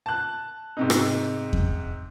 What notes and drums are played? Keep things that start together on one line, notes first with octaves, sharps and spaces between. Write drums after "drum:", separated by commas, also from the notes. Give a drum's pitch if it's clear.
A5 F#6
G#2 C3 D#4
drum: rim click
drum: kick E2